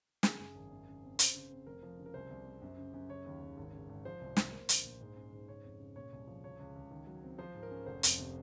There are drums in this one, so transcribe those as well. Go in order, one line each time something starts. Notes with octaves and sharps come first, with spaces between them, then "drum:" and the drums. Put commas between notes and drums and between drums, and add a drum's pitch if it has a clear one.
C#3 G#4, drum: snare
F#2
G#1
F#2
C#3
C4
C#3 C5, drum: hi-hat
C#3
C4
F1 A#4
F3
C#3
A#4
C2 C5
C2
C4
F#2
C#3
F#2
C#3 C#5
D#2
D#2
G#1
C#3
G#1
F3 C5
C2
C2, drum: snare
A#3
A#1, drum: hi-hat
A#2
G#2
C#4
G#2
C#3 C#5
F2
C#3
A#2 C#5
C2
F3
C#2 C#5
C#2
C#2
D#3
F#3
C4
F3 C5
G#2
A#4
C#4
F1 C5
F2, drum: hi-hat
C3